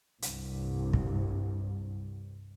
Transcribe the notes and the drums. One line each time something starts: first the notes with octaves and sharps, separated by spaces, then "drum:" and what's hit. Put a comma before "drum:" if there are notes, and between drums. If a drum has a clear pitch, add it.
C2 G2, drum: hi-hat
drum: kick